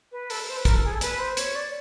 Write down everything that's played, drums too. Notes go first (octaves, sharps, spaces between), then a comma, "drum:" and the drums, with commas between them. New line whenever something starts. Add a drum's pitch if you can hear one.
B4
A4, drum: open hi-hat
C5
B4
A#4, drum: kick, hi-hat
A4
G#4
A4
B4, drum: hi-hat
C5
C#5, drum: hi-hat
D5